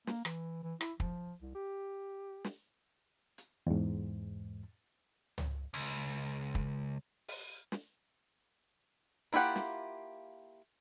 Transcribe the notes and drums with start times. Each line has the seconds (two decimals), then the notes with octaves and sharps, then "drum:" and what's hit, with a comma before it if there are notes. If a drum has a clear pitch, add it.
0.07 A#3, drum: snare
0.25 E3, drum: rim click
0.64 E3
0.81 E4, drum: rim click
1.00 F3, drum: kick
1.42 C2
1.55 G4
2.44 drum: snare
3.38 drum: hi-hat
3.67 E2 G#2
5.38 drum: tom C#2
5.74 C#2
6.55 drum: kick
7.28 drum: open hi-hat
7.72 drum: snare
9.33 A#3 E4 F4 G4 F#5
9.56 drum: snare